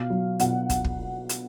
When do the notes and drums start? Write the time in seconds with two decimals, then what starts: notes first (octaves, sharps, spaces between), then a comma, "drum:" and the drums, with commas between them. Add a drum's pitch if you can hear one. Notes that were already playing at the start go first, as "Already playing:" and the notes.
Already playing: B2 F5
0.10 F#3
0.39 B2 F#5, drum: hi-hat
0.70 drum: kick, hi-hat
0.84 drum: kick
1.29 drum: hi-hat